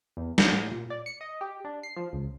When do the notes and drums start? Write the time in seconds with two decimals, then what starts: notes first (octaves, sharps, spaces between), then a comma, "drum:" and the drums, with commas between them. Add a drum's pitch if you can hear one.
0.17 E2
0.38 D4, drum: snare
0.52 A2
0.71 A#2
0.90 D5
1.06 C#7
1.21 D#5
1.41 G4
1.65 D4
1.83 C7
1.97 F3
2.13 C#2